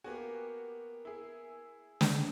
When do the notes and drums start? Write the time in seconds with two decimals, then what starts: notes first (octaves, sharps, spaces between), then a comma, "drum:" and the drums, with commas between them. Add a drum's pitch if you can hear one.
0.04 A#3 B3 F#4 G4 G#5
1.05 E4 G#4
2.01 drum: snare